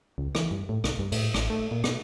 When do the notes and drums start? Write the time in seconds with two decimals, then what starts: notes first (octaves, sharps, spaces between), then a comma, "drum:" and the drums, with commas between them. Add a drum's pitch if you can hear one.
0.18 C#2
0.35 E3, drum: rim click
0.51 G2
0.69 A2
0.84 C2, drum: rim click
0.99 G2
1.12 A2, drum: cymbal
1.34 A1, drum: rim click
1.50 A3
1.71 A#2
1.84 B2, drum: rim click